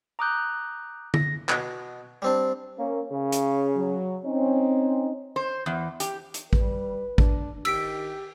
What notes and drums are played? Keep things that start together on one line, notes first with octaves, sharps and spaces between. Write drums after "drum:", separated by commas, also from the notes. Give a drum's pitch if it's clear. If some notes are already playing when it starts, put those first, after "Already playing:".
A#5 D6 D#6 F#6 G6
A#6, drum: tom D3
B2, drum: clap
G3 C4 D4
A#3 C#4
C#3
drum: hi-hat
F#3
C4 C#4 D#4
C5
E2
G4, drum: hi-hat
drum: hi-hat
G3 B4, drum: kick A1
D4, drum: kick A1
D#3 G4 E6 B6 D7, drum: cymbal